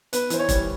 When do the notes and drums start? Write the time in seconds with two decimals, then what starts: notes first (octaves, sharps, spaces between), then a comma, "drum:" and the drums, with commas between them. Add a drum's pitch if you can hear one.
0.13 B3 B4, drum: hi-hat
0.30 E3 C5, drum: hi-hat
0.39 C#5
0.49 G3, drum: kick F1, hi-hat